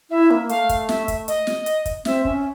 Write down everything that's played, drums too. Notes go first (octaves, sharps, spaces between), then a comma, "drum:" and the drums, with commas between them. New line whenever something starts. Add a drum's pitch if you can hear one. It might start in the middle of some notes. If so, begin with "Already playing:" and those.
E4 E5
A#3
A3 F5, drum: hi-hat
drum: kick, hi-hat
E5, drum: snare
drum: kick, hi-hat
D#5, drum: hi-hat
drum: snare
drum: hi-hat
drum: kick, hi-hat
C4 E5, drum: snare
C#4, drum: kick